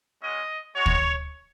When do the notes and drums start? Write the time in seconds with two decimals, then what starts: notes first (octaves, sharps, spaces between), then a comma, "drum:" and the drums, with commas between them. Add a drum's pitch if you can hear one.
0.22 G#3 C#4 F#4 D#5
0.75 G#3 F#4 C#5
0.86 drum: kick